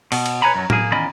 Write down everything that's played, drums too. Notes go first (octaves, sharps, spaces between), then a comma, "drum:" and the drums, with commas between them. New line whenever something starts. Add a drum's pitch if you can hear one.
B2, drum: open hi-hat
drum: cymbal
B4 C#5 G#5 A#5 B5
F#2 F#3
A#3 G#4, drum: tom A2
E2 D#3 C#4 D5 D#5 B5